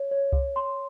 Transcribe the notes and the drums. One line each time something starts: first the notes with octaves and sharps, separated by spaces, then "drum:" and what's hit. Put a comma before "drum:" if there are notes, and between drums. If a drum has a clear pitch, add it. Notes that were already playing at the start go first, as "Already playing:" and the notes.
Already playing: C#5
C#5
drum: kick C2
C6